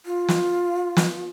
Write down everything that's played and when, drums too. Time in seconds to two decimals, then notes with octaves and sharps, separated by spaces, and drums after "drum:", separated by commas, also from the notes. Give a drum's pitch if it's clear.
0.06 F4
0.28 drum: snare
0.97 drum: snare